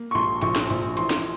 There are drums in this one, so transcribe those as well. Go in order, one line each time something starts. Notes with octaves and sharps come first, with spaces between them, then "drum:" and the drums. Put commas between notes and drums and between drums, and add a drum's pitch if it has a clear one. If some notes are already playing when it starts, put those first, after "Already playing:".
Already playing: A#3
C#6
A#1 C6
A#1 C#6, drum: hi-hat
drum: snare
A#1, drum: open hi-hat
E3 C6, drum: hi-hat
drum: snare